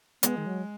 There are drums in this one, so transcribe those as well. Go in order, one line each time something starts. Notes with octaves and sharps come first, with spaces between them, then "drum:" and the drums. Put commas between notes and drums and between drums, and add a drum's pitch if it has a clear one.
G#3 B3, drum: hi-hat
D#3
F#3